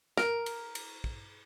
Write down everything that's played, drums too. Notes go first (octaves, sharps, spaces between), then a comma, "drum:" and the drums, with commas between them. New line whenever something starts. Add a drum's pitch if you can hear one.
A#4, drum: snare
drum: cymbal
drum: cymbal
drum: kick